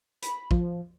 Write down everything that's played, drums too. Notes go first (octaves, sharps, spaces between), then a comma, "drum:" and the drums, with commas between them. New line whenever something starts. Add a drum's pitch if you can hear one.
B5, drum: hi-hat
F3, drum: kick